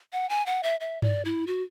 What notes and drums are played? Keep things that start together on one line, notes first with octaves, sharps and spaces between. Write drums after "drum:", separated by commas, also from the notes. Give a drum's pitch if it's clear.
F#5
G#5
F#5
E5
E5
D5, drum: tom G2
E4
F#4